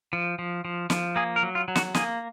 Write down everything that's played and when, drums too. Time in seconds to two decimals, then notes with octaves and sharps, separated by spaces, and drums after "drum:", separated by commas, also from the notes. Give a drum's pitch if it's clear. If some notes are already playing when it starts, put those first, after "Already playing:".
0.13 F3
0.39 F3
0.65 F3
0.90 F3, drum: snare
1.16 A#3 G#4
1.36 A#4
1.43 F#3
1.55 F4
1.68 F#3
1.76 F#4, drum: snare
1.94 A#3 G#4, drum: snare